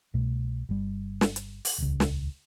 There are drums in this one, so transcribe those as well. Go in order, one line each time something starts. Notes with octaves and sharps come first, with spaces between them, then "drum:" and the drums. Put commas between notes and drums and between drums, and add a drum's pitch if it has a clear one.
C2 B2 A3
G1 G3
drum: snare
drum: hi-hat
drum: open hi-hat
D#1 C#2
drum: snare